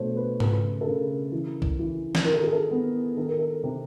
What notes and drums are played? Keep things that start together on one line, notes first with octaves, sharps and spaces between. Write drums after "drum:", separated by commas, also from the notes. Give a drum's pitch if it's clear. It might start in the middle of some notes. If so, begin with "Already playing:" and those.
Already playing: B2 A3 C5 C#5
B4
C#3 B4, drum: tom G#2
A4
C#3 A#4
E3
drum: kick
E3
drum: snare
D#3 A#4
A4
G#4
A4
B3
D#3 A4
A#4
A4
C3